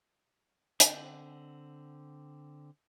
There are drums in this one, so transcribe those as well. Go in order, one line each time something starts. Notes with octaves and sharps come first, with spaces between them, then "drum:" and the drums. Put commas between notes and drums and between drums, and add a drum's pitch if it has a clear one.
D3 C4 F#5 G6, drum: hi-hat